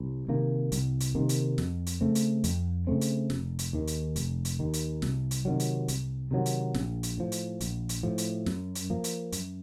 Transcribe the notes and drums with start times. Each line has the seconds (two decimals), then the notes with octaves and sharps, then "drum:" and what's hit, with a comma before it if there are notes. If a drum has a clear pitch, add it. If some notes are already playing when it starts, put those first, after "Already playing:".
Already playing: C2
0.28 C3 D#3 A#3
0.72 C2, drum: hi-hat
1.00 drum: hi-hat
1.15 C3 D#3 A#3
1.29 drum: hi-hat
1.58 F2, drum: snare
1.86 drum: hi-hat
2.01 C#3 A3 C4
2.15 drum: hi-hat
2.44 F2, drum: hi-hat
2.87 C#3 A3 C4
3.01 drum: hi-hat
3.30 F1, drum: snare
3.59 drum: hi-hat
3.73 D#2 D#3
3.87 drum: hi-hat
4.16 F1, drum: hi-hat
4.45 drum: hi-hat
4.59 D#2 D#3
4.73 drum: hi-hat
5.02 C2, drum: snare
5.31 drum: hi-hat
5.45 C3 D#3 F#3
5.60 drum: hi-hat
5.88 C2, drum: hi-hat
6.31 C3 D#3 F#3
6.46 drum: hi-hat
6.74 A#1, drum: snare
7.03 drum: hi-hat
7.18 A2 F3
7.32 drum: hi-hat
7.60 A#1, drum: hi-hat
7.89 drum: hi-hat
8.03 A2 F3
8.18 drum: hi-hat
8.46 F#2, drum: snare
8.75 drum: hi-hat
8.90 F3 A#3
9.04 drum: hi-hat
9.32 F#2, drum: hi-hat